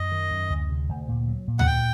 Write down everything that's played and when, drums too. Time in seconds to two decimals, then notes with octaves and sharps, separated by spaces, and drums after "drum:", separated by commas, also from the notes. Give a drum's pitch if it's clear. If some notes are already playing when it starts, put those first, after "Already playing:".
Already playing: F#2 D#5
0.12 D#3
0.31 F#2
0.50 D2
0.70 C3
0.89 D2
1.09 A#2
1.28 F#3
1.48 A#2
1.59 F#5, drum: tom D2
1.67 A#2 G5